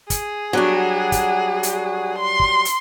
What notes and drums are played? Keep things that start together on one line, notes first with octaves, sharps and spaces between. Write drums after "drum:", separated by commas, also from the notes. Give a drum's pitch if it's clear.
G#4, drum: kick, hi-hat
F#3 G3 D4 F#4
drum: kick, hi-hat
drum: hi-hat
C6
drum: kick
drum: hi-hat